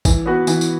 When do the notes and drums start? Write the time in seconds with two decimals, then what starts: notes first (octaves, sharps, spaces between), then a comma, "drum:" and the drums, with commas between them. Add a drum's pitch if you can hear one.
0.05 E3, drum: kick, tambourine
0.26 B3 F#4 B4
0.47 E3, drum: tambourine
0.61 drum: tambourine